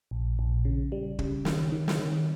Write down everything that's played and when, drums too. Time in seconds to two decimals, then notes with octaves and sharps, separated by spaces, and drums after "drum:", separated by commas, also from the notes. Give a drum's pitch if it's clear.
0.11 A#1
0.39 A#1
0.65 C#3
0.92 G3
1.19 C#3, drum: kick
1.45 D#3, drum: snare
1.72 D#3
1.88 drum: snare
1.99 D#3